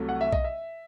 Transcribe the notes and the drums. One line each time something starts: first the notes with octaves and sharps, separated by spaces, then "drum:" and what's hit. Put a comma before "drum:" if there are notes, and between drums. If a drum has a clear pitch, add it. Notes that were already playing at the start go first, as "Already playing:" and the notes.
Already playing: C2 C3 F#3 A3
F#5
E5
D#5, drum: kick B1
E5